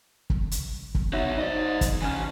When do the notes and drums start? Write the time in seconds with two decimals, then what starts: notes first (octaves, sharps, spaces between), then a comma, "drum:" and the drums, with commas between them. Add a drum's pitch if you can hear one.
0.30 drum: kick
0.51 drum: hi-hat
0.95 drum: kick
1.13 D#4 F#4 C#5 E5 F#5
1.38 D#4 C5 D5 D#5
1.81 drum: kick, hi-hat
2.02 E3 C#4 G#5 F6